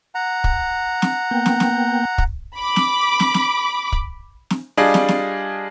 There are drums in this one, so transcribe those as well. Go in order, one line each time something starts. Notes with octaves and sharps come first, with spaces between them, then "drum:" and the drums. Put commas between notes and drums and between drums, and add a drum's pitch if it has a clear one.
F#5 A#5
drum: kick
drum: snare
A#3 B3 G5
drum: snare
drum: snare
drum: kick
B5 D6
drum: snare
drum: snare
drum: snare
drum: kick
drum: snare
G3 D4 F4 G#4 D#5
drum: snare
drum: snare